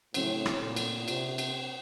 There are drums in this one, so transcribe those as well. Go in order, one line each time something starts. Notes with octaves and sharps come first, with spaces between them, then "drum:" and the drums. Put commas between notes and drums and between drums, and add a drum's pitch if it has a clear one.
A2 C#3 F#3 C4, drum: cymbal
drum: rim click
A#2
drum: cymbal
C3, drum: cymbal
drum: cymbal